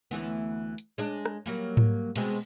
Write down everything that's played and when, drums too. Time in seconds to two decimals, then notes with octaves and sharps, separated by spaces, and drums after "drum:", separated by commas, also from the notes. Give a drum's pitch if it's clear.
0.11 D2 E3 B3
0.78 drum: hi-hat
0.98 G#3 D4
1.25 drum: rim click
1.46 F#3 G3 A#3
1.77 drum: tom G#2
2.16 B2 G#3 C4, drum: cymbal